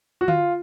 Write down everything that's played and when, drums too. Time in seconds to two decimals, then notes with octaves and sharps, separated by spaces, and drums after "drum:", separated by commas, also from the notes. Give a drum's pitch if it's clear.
0.21 F#4
0.28 F4, drum: tom D3